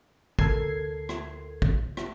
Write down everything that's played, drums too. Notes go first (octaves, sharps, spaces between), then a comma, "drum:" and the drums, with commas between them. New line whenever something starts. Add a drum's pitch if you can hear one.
D2 A4 A#4 G#6 C7, drum: kick
drum: rim click
drum: kick
drum: rim click